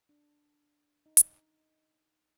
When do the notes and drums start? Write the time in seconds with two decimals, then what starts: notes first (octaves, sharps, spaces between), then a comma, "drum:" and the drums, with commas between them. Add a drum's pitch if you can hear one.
0.09 D4
1.06 D#4
1.17 drum: hi-hat